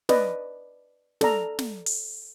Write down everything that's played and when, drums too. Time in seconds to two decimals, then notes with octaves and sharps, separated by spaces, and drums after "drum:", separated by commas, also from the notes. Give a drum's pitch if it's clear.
0.09 B4 D5 D#5, drum: snare
1.21 A4 D5 A#5, drum: snare
1.59 drum: snare
1.86 drum: open hi-hat